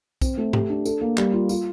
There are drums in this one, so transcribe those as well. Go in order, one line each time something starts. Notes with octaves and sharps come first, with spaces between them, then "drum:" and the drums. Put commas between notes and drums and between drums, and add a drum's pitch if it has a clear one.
C4, drum: kick, tambourine
A3
G4, drum: tom G#2
D4
A4, drum: tambourine
A#3
G3, drum: clap
F4
F4, drum: tambourine